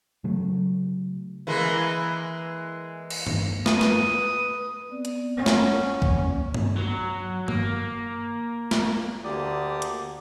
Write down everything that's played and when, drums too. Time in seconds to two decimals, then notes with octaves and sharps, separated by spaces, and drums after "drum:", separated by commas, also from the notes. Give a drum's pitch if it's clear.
0.24 C#3 F#3 A3
1.47 E3 G#3 A#3
3.10 drum: cymbal
3.27 drum: tom G2
3.66 B4 D#6, drum: snare
3.81 drum: snare
4.88 B3 C4 D5
5.05 drum: hi-hat
5.37 A#3 C#4 C#5 F#5
5.46 drum: snare
6.02 drum: kick
6.54 drum: tom G2
6.77 F#3
7.48 A#3, drum: tom G2
8.71 drum: snare
9.24 D2 D3 A#3 G4 D5 D#6
9.82 drum: hi-hat